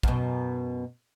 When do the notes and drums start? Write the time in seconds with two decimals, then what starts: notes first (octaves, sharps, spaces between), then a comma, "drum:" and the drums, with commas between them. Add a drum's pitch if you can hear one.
0.03 F#2 B2, drum: kick